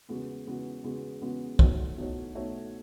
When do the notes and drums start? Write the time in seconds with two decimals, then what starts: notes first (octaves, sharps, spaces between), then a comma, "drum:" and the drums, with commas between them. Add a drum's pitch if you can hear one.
0.09 E2 C#3 G#3 B3 F#4
0.46 E2 C#3 G#3 B3 F#4
0.84 E2 C#3 G#3 B3 F#4
1.22 E2 C#3 G#3 B3 F#4
1.59 B2 A3 D#4 F#4 C#5, drum: kick B1
1.97 B2 A3 D#4 F#4 C#5
2.35 B2 A3 D#4 F#4 C#5